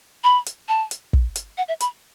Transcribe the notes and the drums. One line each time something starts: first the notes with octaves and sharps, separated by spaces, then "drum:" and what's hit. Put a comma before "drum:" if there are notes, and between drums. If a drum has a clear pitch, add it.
B5
drum: hi-hat
A5
drum: hi-hat
drum: kick
drum: hi-hat
F#5
E5
B5, drum: hi-hat